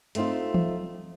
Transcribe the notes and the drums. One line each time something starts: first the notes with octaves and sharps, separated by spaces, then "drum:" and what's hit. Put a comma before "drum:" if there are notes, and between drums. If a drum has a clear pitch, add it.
A3 B3 C4 D#4 F4, drum: hi-hat
drum: tom